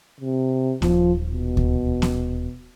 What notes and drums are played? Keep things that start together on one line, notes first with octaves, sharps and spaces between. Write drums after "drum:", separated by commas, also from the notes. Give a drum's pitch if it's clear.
C3
D#1 F3, drum: snare B3
B2
drum: kick D2
drum: snare B3